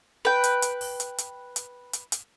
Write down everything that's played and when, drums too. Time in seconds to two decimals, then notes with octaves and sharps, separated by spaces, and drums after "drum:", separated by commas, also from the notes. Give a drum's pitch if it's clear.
0.25 B4 G5
0.44 drum: hi-hat
0.62 drum: hi-hat
0.81 drum: open hi-hat
1.00 drum: hi-hat
1.18 drum: hi-hat
1.56 drum: hi-hat
1.93 drum: hi-hat
2.12 drum: hi-hat